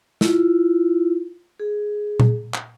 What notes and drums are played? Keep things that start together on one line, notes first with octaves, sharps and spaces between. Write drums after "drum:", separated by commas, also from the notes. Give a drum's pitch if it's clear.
E4 F4, drum: snare
G#4
drum: tom A#2
drum: clap